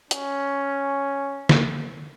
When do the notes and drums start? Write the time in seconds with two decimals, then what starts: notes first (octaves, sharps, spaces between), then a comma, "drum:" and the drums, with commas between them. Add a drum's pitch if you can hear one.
0.11 C#4, drum: hi-hat
1.49 drum: snare